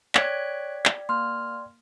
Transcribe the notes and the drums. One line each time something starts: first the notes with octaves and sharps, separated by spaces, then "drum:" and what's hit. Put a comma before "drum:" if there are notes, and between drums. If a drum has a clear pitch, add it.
C#5 D5 G5 F#6 G#6 B6 D7, drum: clap
drum: clap
A#3 C6 F6